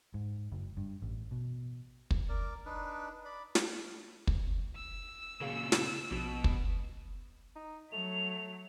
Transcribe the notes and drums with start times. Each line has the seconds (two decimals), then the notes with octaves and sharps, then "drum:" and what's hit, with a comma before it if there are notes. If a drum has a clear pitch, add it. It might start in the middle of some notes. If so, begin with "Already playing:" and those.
0.14 G#2
0.52 F#1
0.77 G2
1.02 A1
1.31 B2
2.11 drum: kick
2.29 A#4 D5
2.66 D4 D#4 B4
3.25 D5 B5
3.55 drum: snare
4.27 drum: kick
4.76 E6
5.41 A#2 C#3 G#4 F5
5.72 drum: snare
6.11 A#1 B2 F#4
6.44 drum: kick
7.55 D#4
7.92 F#3 A3 F7